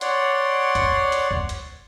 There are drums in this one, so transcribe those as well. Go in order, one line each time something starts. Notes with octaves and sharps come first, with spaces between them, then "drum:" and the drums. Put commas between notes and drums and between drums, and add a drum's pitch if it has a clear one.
C#5 D5 F#5 C6, drum: hi-hat
drum: kick, hi-hat
drum: hi-hat
drum: kick
drum: hi-hat